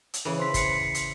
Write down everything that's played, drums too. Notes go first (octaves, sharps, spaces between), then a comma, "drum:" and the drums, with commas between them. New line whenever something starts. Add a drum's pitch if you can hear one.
drum: hi-hat
C#3 E3
C5 C6 B6
C7 C#7, drum: kick F#1, hi-hat
drum: hi-hat